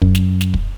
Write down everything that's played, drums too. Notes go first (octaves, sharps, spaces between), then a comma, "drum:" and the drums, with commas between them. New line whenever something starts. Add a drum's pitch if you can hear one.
F#2, drum: kick
drum: snare
drum: snare
drum: kick